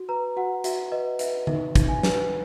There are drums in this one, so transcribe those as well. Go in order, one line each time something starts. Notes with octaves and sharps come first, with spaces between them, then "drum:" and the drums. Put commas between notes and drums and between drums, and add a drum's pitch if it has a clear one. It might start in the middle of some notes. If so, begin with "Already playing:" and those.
Already playing: F#4
B4 A#5
F#4 F#5
F#4 E5, drum: hi-hat
B4 D#5
B4 E5, drum: hi-hat
D#4 E5, drum: tom D3
D#4, drum: kick, hi-hat
G#5
B4, drum: snare